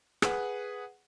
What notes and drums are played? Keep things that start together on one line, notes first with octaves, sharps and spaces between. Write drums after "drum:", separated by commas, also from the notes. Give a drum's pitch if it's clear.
G#4 B4 F#5, drum: rim click